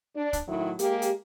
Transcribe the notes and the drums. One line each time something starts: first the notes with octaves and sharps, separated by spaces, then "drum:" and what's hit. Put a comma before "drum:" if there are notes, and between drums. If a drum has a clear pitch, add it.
D4
drum: kick, hi-hat
A2 D#3 F#3 E4
G#3 A#3 G4, drum: hi-hat
drum: hi-hat